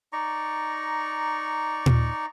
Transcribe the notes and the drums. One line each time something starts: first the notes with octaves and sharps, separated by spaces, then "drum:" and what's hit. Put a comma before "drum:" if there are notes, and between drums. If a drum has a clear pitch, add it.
D#4 D5 A#5 C#6
drum: tom A#2